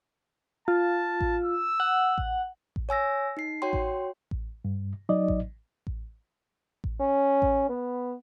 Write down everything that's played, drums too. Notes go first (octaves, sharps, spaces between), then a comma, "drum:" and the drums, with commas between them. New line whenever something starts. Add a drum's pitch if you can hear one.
F4 A5
drum: kick A1
E6
F#5
drum: kick A1
drum: kick A1
C#5 G#5 E6 A#6
D#4 C7
F#4 C#5 G5 C6
drum: kick A1
drum: kick A1
G2
F#3 D#4 D5 D#5
drum: kick A1
drum: kick A1
drum: kick A1
C#4
drum: kick A1
B3